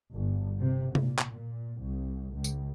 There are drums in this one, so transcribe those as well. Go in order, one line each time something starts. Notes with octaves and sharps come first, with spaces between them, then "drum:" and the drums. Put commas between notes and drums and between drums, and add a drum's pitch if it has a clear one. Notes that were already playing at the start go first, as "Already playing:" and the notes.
G1
C3
A#2, drum: tom C3
drum: clap
A#2
C2
C#2
drum: tambourine